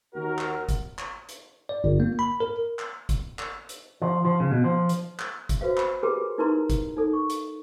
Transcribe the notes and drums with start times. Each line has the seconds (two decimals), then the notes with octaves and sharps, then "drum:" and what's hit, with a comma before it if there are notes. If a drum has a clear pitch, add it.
0.15 D#2 F#4 A#4
0.39 drum: clap
0.69 drum: kick G1, hi-hat
0.99 drum: clap
1.29 drum: hi-hat
1.69 D5
1.84 G1
2.00 A#3
2.19 B5
2.40 A#4
2.79 drum: clap
3.09 drum: kick G1, hi-hat
3.39 drum: clap
3.69 drum: hi-hat
4.02 F3
4.25 F3
4.40 C#3
4.51 B2
4.64 F3
4.89 drum: hi-hat
5.19 drum: clap
5.49 drum: kick G1, hi-hat
5.61 F#4 B4 C5 F5
5.77 B5, drum: clap
6.03 G4 G#4 A#4 B4 G#5
6.38 D#4 E4 A#4 B4 A#5 C6
6.70 drum: kick G1, hi-hat
6.97 D#4 A4
7.13 C#6
7.30 drum: hi-hat